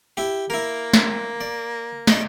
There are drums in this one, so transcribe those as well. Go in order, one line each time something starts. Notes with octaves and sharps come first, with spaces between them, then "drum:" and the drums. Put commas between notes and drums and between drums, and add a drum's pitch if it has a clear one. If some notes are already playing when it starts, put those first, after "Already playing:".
E4 G4
A#3 E4 A#4
drum: snare
D5
D5 D#5 B5, drum: snare